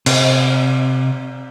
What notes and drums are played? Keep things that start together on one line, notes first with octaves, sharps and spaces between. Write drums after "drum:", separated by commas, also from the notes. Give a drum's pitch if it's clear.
C3, drum: cymbal